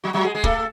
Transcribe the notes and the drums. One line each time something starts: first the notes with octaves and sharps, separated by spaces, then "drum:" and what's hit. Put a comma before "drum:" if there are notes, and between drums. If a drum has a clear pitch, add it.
F#3 F#4
F#3 F#4
G#3 G#4
G#3 G#4
A3 A4, drum: kick